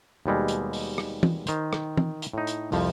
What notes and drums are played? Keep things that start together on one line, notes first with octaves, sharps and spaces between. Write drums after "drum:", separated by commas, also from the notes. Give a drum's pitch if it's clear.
D#2 B2 G3 G#3
drum: hi-hat
drum: open hi-hat
drum: rim click
drum: tom
D#3 C5, drum: hi-hat
drum: rim click
drum: tom
drum: hi-hat
A2 D#4
drum: hi-hat
C2 F2 F3, drum: open hi-hat